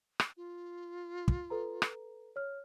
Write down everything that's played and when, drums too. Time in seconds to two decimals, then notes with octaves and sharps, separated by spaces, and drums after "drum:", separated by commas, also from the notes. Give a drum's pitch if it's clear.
0.20 drum: rim click
0.37 F4
1.28 drum: kick
1.50 A4 B4 A#5
1.82 drum: rim click
2.36 C#5 F6